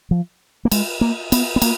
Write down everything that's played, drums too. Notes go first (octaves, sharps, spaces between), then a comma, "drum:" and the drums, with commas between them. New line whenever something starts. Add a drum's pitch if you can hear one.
F3
A#3
G#3, drum: cymbal
A#3
B3, drum: cymbal
B3
A#3, drum: cymbal